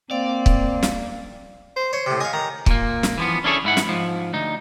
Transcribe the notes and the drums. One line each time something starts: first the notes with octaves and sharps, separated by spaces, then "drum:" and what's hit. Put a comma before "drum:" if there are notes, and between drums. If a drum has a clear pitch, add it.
A#3 C4 D5 F5
drum: kick
drum: snare
C5
C5 C#5
A2 C3
D#5 F5 G#5
D#3 A#5
A#2 A#3, drum: kick
drum: snare
E3 F3 B3
C#4 D4 E4 G#4 A4 C#5
G#2 E4 F#5
drum: snare
G#2 F3
D2 D#4